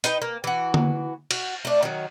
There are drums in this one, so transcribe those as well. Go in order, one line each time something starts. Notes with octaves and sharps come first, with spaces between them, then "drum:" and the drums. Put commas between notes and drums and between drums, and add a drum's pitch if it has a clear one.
D#4 B4 G5, drum: hi-hat
A#3
E3 F#4
drum: tom D3
F#4, drum: cymbal
A3 D4
D#3 F#3